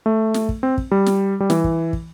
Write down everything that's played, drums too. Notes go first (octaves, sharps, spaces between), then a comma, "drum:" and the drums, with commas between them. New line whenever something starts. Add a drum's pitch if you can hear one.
A3
drum: snare
drum: kick
C4
drum: kick
G3
drum: snare
G3
E3, drum: snare
drum: kick
drum: kick